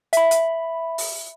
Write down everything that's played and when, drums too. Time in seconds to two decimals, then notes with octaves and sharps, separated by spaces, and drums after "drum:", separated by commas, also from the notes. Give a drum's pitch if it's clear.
0.13 E5 B5, drum: hi-hat
0.31 drum: hi-hat
0.98 drum: open hi-hat